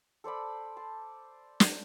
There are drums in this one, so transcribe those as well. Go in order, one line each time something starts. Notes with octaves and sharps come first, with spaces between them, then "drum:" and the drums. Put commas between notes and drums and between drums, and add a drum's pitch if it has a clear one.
A4 C5 D5 B5
A5 C6
drum: snare